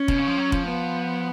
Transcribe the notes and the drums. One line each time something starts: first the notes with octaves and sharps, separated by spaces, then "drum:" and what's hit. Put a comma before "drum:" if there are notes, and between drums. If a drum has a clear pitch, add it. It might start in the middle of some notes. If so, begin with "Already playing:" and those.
Already playing: C#4
B2, drum: kick
C#3
F3
F#3
F3, drum: kick
B3